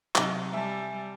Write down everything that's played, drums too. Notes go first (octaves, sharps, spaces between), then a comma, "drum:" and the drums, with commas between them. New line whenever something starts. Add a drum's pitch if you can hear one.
C3 F#3 D#4, drum: clap
G3 E5 G#5 A5